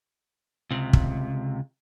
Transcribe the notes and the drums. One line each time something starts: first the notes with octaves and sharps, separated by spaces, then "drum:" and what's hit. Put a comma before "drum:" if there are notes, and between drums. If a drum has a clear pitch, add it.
C#2 C3
drum: kick